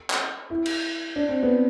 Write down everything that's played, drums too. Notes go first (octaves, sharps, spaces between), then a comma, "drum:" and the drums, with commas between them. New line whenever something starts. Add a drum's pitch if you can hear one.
drum: clap
E4
drum: cymbal
D4
C4
B3